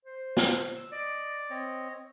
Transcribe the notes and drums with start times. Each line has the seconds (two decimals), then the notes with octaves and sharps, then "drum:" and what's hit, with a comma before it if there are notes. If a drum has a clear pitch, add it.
0.05 C5
0.37 drum: snare
0.76 E6
0.92 D5 D#5
1.50 C4 C#5 D#5